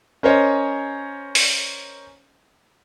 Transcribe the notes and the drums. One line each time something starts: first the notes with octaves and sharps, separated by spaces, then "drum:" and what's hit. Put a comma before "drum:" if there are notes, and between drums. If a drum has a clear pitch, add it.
C#4 A#4 C5 C#5 D#5
drum: open hi-hat